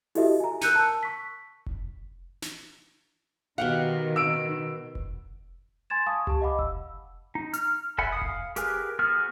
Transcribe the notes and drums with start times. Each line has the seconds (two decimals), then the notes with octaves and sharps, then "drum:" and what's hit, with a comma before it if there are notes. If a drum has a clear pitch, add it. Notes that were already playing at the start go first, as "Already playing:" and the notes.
0.15 E4 F#4 G4 A4 D#5 E5, drum: open hi-hat
0.40 G#5 A#5
0.61 A#4 E6 F#6 G6 C#7 D#7, drum: snare
0.76 A5 E6
1.03 C#6 B6
1.67 drum: kick F1
2.42 drum: snare
3.58 B2 D#3 G4 F5 F#5
4.16 E6 D7
4.95 drum: kick F1
5.90 G#5 C6 G#6 A6 E7
6.06 F5 G#5 A5 C#6 D#6
6.27 G4 A5, drum: tom C#2
6.41 D#5 F5 F#5 B5 D6
6.59 E6, drum: kick F1
7.35 D#4
7.53 F6, drum: hi-hat
7.98 A4 E5 F#5 G#5 B5, drum: kick F1
8.12 F5 D#6
8.22 drum: kick F1
8.56 G4 G#4 A#4 B4 G#5, drum: hi-hat
8.99 B3 F#4 G#4 D#6 F6